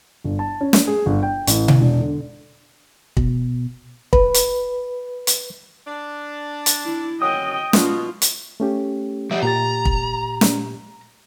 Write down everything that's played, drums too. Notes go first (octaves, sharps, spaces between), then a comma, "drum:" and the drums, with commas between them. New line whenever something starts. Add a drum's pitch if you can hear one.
G1
A5
C#4
drum: snare
G#4
G1
G5
A1, drum: hi-hat
drum: tom B2
E1
D3
B2, drum: kick
B4, drum: kick
drum: hi-hat
drum: hi-hat
D4
drum: hi-hat
E4
F#2 F#3 D#5 G5 D#6
B2 F4, drum: snare
drum: hi-hat
A3 C#4 G4
F3 G4 E5
A#2 G4 A#5 A6
drum: kick
drum: snare